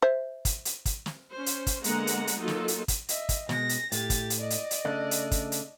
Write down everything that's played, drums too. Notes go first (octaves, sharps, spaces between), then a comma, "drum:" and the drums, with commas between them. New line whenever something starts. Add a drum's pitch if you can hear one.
C5 E5
drum: kick, hi-hat
drum: hi-hat
drum: kick, hi-hat
drum: snare
C#4 C5
drum: hi-hat
drum: kick, hi-hat
D3 G#3 A#3 B3 F#5 A#5, drum: hi-hat
drum: hi-hat
drum: hi-hat
F#3 A#3 D#4 F4 A4
drum: snare
drum: hi-hat
drum: kick, hi-hat
D#5 E5, drum: hi-hat
drum: kick, hi-hat
B2 G#3 A#6, drum: snare
drum: hi-hat
A2 G4 A6, drum: hi-hat
drum: kick, hi-hat
drum: hi-hat
D5 D#5
drum: hi-hat
drum: hi-hat
C#3 A3 D4
drum: hi-hat
drum: kick, hi-hat
drum: hi-hat